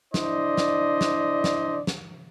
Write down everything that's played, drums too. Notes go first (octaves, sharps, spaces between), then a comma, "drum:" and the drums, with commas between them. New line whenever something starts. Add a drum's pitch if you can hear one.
D4 E4 C5 D5 D#5, drum: snare
drum: snare
drum: snare
drum: snare
drum: snare